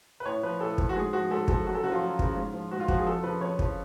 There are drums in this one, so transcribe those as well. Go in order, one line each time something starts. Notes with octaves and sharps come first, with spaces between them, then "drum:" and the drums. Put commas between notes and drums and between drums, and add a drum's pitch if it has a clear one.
B4
A2 C#5
F3 B4
A2 A4
F3, drum: kick
F#4
G#2 G#4
F3 F#4
G#2 A4
F3 A4, drum: kick
F#2 F#4
A4
C#3 F#4
F3 F4
F#2
C#3 F3, drum: kick
G#2
F3
G#2 F#4
F4
F3 F#4, drum: kick
G#4
F2 A4
C#3 F3 B4
F2 C#5
C#3 F3, drum: kick